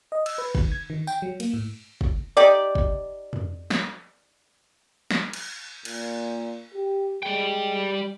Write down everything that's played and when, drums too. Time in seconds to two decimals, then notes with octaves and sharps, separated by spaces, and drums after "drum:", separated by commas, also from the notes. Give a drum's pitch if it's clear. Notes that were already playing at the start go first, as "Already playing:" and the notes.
0.12 D#5
0.26 E6, drum: cymbal
0.38 B4
0.55 D#3, drum: kick
0.72 G#6
0.90 D#3
1.07 G5, drum: tambourine
1.22 F#3
1.40 A#3, drum: cymbal
1.54 A2
2.01 drum: kick
2.37 D#4 G4 D5
2.75 drum: kick
3.33 drum: tom F2
3.70 drum: snare
5.11 drum: snare
5.33 drum: cymbal
5.85 A#2, drum: cymbal
6.74 G4
7.23 G3 G#3 G5